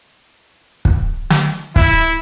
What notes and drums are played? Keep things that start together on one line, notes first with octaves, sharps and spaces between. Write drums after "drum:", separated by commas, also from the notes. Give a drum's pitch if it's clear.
drum: kick
drum: snare
E4, drum: kick